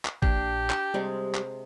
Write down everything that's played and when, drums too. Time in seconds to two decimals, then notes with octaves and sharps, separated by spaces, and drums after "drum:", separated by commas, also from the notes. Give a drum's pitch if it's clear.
0.05 drum: clap
0.22 A#1 D4 G4, drum: kick
0.70 G5 A5, drum: clap
0.94 C3 G3 G#3
1.34 drum: clap